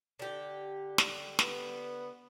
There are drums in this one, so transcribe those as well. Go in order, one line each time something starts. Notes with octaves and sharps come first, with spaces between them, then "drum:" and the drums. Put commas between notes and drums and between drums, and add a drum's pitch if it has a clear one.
D3 G4
drum: snare
B3, drum: snare